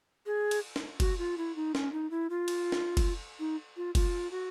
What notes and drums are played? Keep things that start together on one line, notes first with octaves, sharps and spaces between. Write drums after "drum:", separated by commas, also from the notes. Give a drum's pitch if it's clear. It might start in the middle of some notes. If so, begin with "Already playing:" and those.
G#4
drum: cymbal
drum: snare
F#4, drum: kick, cymbal
F4
E4
D#4
C#4, drum: snare
D#4
E4
F4
drum: cymbal
drum: snare
drum: kick, cymbal
D#4
F4
F4, drum: kick, cymbal
F#4